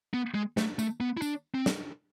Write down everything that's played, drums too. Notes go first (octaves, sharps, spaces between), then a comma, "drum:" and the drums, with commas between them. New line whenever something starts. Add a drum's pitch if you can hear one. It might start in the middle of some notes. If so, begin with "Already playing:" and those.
B3
G#3
A3, drum: snare
A3, drum: tambourine
B3
E4
D4, drum: tambourine
C4
drum: snare